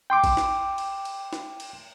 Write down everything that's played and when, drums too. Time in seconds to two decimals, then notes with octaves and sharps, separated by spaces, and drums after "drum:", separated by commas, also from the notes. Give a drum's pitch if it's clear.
0.10 G5 C6 D6
0.24 drum: kick A1, cymbal
0.37 drum: snare
0.78 drum: cymbal
1.05 drum: cymbal
1.33 drum: snare
1.60 drum: cymbal